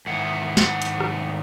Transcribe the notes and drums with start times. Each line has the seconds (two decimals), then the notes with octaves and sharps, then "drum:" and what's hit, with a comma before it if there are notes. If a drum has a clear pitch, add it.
0.06 G#2 D#3 B3 E4 F#5
0.57 F#5, drum: snare
0.82 drum: hi-hat
1.00 drum: rim click